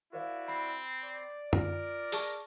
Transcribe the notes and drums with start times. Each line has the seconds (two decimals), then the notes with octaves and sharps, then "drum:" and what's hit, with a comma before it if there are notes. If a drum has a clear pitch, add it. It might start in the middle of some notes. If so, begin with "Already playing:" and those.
0.13 E4 F#4 A#4 C5 D5 F5
0.48 C4 B5
1.04 D5
1.53 F4 A#4, drum: tom F#2
2.12 G#4 A5 C#6, drum: open hi-hat